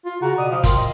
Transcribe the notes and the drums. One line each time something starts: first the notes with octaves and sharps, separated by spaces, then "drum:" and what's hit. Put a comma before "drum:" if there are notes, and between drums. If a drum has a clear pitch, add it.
F4
C#3 F#4 A#5
B2 D5 D#6
F3 F5
D#3 F4 C6, drum: kick, hi-hat
D#5